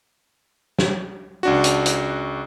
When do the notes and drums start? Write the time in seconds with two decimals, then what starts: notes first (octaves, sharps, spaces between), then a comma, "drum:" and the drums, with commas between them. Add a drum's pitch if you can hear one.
0.79 drum: snare
1.43 C#2 D4 F#4
1.64 drum: hi-hat
1.86 drum: hi-hat